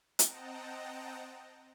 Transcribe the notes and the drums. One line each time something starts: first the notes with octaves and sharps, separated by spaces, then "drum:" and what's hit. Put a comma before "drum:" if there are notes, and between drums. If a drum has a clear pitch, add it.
C4 D#5 F#5 G5 A5 A#5, drum: hi-hat